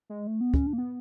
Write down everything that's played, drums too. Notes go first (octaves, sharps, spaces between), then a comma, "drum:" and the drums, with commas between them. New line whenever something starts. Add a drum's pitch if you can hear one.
G#3
A3
B3
C#4, drum: kick
D4
A#3
B3